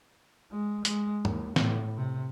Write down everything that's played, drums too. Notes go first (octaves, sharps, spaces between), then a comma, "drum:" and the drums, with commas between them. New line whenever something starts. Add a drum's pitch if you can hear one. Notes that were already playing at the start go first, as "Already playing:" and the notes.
G#3
G#3, drum: hi-hat
D#2, drum: tom G2
A2, drum: snare
C3